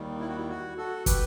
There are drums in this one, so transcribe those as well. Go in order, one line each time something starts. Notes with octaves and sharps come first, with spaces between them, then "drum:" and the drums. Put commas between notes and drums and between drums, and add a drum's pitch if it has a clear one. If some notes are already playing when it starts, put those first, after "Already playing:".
Already playing: D#2 D#3 G3
E4
F#4
E4
F#4
F#4 A4
G4 B4, drum: kick, hi-hat